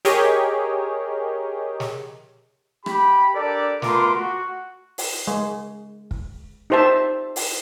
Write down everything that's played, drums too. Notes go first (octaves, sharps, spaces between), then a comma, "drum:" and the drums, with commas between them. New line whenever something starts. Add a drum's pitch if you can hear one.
G4 G#4 A#4 C#5 D#5, drum: hi-hat
drum: snare
G4 B5, drum: rim click
D4 G4 A4 A#4 D5
A3 B3 F4 A#4 C6 D6, drum: snare
F#4
drum: open hi-hat
G#3
drum: kick
D#4 G4 C5 E5 A5
drum: open hi-hat